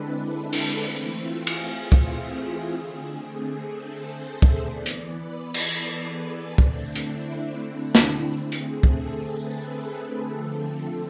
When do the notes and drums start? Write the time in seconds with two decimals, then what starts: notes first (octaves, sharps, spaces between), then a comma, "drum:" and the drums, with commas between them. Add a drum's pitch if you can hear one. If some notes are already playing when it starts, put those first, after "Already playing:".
Already playing: D3 G#3 C4 D4 E4 A4 B4
0.53 D4, drum: open hi-hat
0.84 E3 A3 C4 E4
1.16 F4
1.47 G#4, drum: cymbal
1.92 drum: kick
2.73 D3 A3 C4
3.66 A4
3.98 C5
4.30 E5
4.42 drum: kick
4.60 E3 B3 D5
4.86 drum: hi-hat
5.08 B4
5.54 A4, drum: cymbal
6.02 G#4
6.48 D3 A3 C4 D4
6.58 drum: kick
6.95 E4, drum: hi-hat
7.43 E4
7.95 drum: snare
8.36 D3 A3 C4 G#4
8.52 drum: hi-hat
8.83 A4, drum: kick
9.31 B4
9.78 B4
10.25 D3 F3 A3 C4 A4